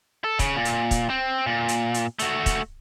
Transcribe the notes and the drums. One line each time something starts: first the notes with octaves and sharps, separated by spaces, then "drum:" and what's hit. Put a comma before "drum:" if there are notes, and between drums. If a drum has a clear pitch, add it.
A4
C#3, drum: kick, hi-hat
A#2
drum: hi-hat
drum: kick, hi-hat
C4
A#2
drum: hi-hat
drum: hi-hat
A3 F#4, drum: hi-hat
drum: kick, hi-hat